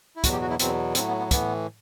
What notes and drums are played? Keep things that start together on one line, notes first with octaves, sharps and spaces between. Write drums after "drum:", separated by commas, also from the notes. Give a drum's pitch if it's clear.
E4
E2 B2 F#3 F#4, drum: kick, hi-hat
G4
F#4
E4
E2 B2 F#3 C4, drum: hi-hat
A2 F#3 C4, drum: hi-hat
B3
B3
A2 E3 B3, drum: kick, hi-hat